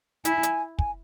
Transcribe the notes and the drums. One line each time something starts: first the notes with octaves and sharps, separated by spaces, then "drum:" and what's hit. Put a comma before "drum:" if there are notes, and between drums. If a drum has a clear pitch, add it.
E4 G#5, drum: hi-hat
drum: hi-hat
G#5, drum: kick